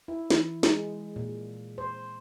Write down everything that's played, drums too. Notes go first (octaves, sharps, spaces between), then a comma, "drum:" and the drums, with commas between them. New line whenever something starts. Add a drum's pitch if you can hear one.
E4
E3, drum: snare
G#3, drum: snare
A#2
C5